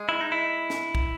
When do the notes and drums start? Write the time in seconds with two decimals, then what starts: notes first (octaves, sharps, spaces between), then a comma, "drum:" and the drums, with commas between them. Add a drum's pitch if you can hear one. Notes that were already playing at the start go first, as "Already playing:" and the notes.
Already playing: G#3
0.09 E4
0.21 D#4
0.32 E4
0.70 drum: snare
0.95 drum: kick